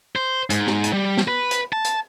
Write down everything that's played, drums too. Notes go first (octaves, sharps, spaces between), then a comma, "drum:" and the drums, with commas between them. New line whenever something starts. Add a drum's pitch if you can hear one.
C5
G#2, drum: hi-hat
drum: snare
drum: hi-hat
G3
drum: snare
B4
drum: hi-hat
A5
drum: hi-hat